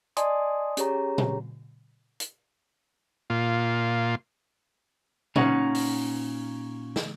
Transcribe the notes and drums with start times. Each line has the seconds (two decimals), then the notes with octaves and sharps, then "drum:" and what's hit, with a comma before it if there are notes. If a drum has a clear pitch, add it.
0.17 D5 D#5 G#5 A5 C6 D#6, drum: hi-hat
0.77 C#4 G4 G#4 C#5 A#5, drum: hi-hat
1.18 drum: tom A#2
2.20 drum: hi-hat
3.30 A#2 F4
5.36 A#2 C#4 D#4 F#5, drum: tom A#2
5.75 drum: open hi-hat
6.96 drum: snare